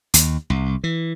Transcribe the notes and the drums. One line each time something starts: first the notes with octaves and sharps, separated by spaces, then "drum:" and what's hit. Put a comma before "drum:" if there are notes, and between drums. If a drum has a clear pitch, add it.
D#2, drum: hi-hat
C2
E3